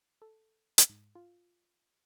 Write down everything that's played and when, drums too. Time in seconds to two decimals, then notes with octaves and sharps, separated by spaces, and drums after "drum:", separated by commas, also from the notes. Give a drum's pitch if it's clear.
0.22 A4
0.78 drum: hi-hat
0.89 G#2
1.15 F4